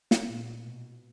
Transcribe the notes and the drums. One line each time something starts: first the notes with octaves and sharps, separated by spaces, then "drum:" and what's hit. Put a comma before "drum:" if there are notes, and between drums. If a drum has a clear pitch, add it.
drum: snare
A#2
B2